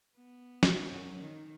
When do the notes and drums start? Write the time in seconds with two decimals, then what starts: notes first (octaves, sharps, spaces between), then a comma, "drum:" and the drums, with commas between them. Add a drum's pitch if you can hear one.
0.17 B3
0.63 drum: snare
0.89 F#2
1.20 D#3